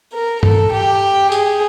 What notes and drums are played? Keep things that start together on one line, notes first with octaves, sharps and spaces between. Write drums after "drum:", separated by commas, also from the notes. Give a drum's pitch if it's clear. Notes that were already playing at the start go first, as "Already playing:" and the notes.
A#4
A4, drum: tom G2
G4
G#4, drum: tambourine